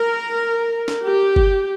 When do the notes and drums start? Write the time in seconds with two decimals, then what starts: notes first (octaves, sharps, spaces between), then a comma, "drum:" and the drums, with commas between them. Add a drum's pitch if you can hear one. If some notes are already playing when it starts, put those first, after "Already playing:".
Already playing: A#4
0.88 drum: snare
1.03 G4
1.36 drum: kick G1